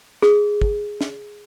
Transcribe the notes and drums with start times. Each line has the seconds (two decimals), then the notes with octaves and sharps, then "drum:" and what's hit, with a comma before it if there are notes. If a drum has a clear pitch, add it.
0.22 G#4, drum: snare
0.62 drum: kick
1.01 drum: snare